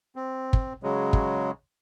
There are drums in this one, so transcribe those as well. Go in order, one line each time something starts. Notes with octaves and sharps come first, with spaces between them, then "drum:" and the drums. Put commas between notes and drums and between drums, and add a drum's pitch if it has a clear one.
C4
drum: kick
C#3 F#3 G#3
drum: kick